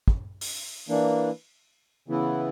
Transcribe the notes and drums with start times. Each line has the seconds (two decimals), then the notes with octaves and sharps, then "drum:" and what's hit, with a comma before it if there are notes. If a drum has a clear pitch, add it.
0.08 drum: kick
0.41 drum: open hi-hat
0.89 E3 A#3 D4
2.08 C#3 E3 B3 E4